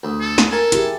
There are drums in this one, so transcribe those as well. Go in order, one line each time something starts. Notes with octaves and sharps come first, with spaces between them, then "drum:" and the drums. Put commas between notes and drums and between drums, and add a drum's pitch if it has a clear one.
D2
A4
drum: snare
A4 A#4 G#5
E4 G4 G#4, drum: hi-hat